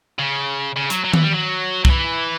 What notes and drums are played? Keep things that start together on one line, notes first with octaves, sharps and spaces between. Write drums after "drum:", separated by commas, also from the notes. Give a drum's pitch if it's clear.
C#3
C#3
F#3, drum: hi-hat
F#3
E3, drum: tom D#3
G3
F#3
F#3, drum: kick
E3